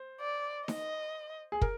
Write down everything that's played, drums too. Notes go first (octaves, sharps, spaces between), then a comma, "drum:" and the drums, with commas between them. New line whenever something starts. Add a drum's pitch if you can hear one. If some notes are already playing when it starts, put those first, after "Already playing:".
Already playing: C5
D5
D#5, drum: snare D#4
G#4
A#4, drum: kick